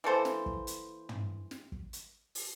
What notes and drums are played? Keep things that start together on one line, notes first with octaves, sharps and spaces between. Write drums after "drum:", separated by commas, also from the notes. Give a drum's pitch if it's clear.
E3 A#3 A4 C5
drum: snare
drum: kick
drum: hi-hat
drum: tom
drum: snare
drum: kick
drum: hi-hat
drum: open hi-hat